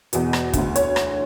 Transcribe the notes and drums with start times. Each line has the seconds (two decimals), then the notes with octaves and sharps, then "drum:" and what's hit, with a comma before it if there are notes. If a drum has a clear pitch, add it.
0.13 E2 B2, drum: hi-hat
0.33 drum: rim click
0.53 D2 D3, drum: kick, hi-hat
0.76 C#5, drum: hi-hat
0.96 drum: rim click